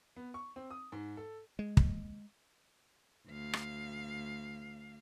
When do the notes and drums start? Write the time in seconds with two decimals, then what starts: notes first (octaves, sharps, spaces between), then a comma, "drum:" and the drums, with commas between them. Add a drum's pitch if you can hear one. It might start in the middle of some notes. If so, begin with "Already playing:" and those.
0.16 B3
0.34 C#6
0.56 C4
0.70 D#6
0.92 G#2
1.17 A4
1.59 G#3
1.77 drum: kick
3.27 D2 F5
3.53 drum: rim click